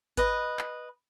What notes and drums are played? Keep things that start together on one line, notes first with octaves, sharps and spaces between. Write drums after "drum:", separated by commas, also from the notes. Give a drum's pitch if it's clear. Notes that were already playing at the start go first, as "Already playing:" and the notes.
B4 D#5, drum: kick G#1, hi-hat
drum: clap